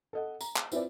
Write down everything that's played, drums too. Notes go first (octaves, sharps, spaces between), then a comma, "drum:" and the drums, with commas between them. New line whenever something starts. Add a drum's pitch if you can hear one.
A4 D#5 F#5
A#5, drum: tambourine
drum: clap
C4 E4 F4 B4 D5, drum: tambourine